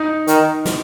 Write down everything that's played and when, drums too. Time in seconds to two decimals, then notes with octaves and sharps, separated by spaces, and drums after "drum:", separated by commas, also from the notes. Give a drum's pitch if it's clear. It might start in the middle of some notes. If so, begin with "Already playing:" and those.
Already playing: D#4
0.27 D#3, drum: hi-hat
0.65 drum: snare